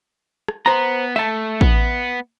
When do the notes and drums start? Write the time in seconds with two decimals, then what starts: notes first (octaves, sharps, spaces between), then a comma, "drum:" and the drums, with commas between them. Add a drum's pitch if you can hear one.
0.48 drum: rim click
0.66 B3 C5 A#5
1.16 A3 E5 A5
1.61 B3, drum: kick A1